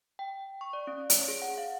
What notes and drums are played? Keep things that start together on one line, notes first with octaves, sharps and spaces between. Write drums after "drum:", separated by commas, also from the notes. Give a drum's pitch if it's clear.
G5
C#6
D5
C#4
C#5, drum: hi-hat
G#4
F#5
F5